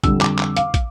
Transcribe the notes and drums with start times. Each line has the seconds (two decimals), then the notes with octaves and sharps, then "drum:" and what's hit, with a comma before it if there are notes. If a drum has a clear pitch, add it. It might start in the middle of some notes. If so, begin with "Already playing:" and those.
0.04 F2 D3 G3 E6, drum: kick, hi-hat
0.21 D6, drum: clap
0.39 drum: clap
0.56 F5, drum: hi-hat
0.74 drum: kick, hi-hat